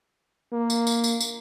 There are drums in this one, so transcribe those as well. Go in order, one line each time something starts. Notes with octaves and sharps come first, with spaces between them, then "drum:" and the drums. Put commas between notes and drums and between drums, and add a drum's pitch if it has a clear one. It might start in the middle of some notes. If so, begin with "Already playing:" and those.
A#3
drum: tambourine
drum: tambourine
drum: tambourine
drum: tambourine